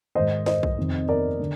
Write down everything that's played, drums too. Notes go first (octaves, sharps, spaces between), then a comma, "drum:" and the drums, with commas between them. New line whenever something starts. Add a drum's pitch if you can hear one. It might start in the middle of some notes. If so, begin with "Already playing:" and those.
G#2 D#3 C5 D#5
C5 D#5, drum: snare
drum: kick B1
F2 C3 D#3
A#4 D5
D3